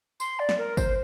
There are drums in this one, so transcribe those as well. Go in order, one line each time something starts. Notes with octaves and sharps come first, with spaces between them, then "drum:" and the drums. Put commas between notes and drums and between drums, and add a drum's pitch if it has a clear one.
C6, drum: tambourine
D5
drum: snare
A#4
C5, drum: kick G1, tambourine